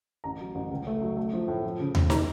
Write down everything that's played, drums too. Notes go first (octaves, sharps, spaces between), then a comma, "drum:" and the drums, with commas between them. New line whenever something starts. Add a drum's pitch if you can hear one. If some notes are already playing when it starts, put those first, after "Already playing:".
A1 A#5
F#3
A1
C#2
A3
F#3
A3
F3
A2
F3
C#3
C#3, drum: tom D#2
A#5, drum: snare